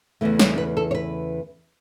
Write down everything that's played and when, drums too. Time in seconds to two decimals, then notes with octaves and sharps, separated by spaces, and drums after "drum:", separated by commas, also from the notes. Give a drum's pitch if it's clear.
0.21 E2 C#3 E3 A3
0.39 C#5, drum: snare
0.58 B4
0.77 A4
0.91 C#5
0.95 B4